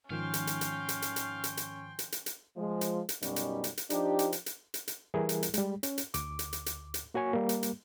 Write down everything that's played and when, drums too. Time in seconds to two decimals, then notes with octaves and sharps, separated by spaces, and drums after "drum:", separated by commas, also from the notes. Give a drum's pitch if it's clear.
0.10 G#2 D#3 F3 C#4 F5 G5 C6
0.34 drum: hi-hat
0.47 drum: hi-hat
0.61 drum: hi-hat
0.89 drum: hi-hat
1.02 drum: hi-hat
1.16 drum: hi-hat
1.44 drum: hi-hat
1.57 drum: hi-hat
1.99 drum: hi-hat
2.12 drum: hi-hat
2.26 drum: hi-hat
2.57 F3 G#3
2.81 drum: hi-hat
3.09 drum: hi-hat
3.22 F#2 B2 G3 C#4 D#4, drum: hi-hat
3.36 drum: hi-hat
3.64 drum: hi-hat
3.77 drum: hi-hat
3.90 F3 D4 D#4 G4, drum: hi-hat
4.19 drum: hi-hat
4.32 drum: hi-hat
4.46 drum: hi-hat
4.74 drum: hi-hat
4.88 drum: hi-hat
5.14 E3 G3 E4 G#4 A#4
5.29 drum: hi-hat
5.43 drum: hi-hat
5.54 G3 G#3, drum: hi-hat
5.83 C#4, drum: hi-hat
5.98 drum: hi-hat
6.14 D2 D6, drum: hi-hat
6.39 drum: hi-hat
6.53 drum: hi-hat
6.66 drum: hi-hat
6.94 drum: hi-hat
7.14 A#3 F#4 C#5 G#5 C#6
7.33 G3 A#3
7.49 drum: hi-hat
7.63 drum: hi-hat